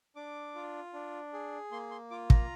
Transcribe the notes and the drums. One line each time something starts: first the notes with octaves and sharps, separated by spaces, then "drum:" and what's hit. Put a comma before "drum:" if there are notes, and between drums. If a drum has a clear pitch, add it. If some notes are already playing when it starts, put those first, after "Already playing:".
D4 D6
F4
D4
G#4
A#3 C6
C6
F4 D6
A#5, drum: kick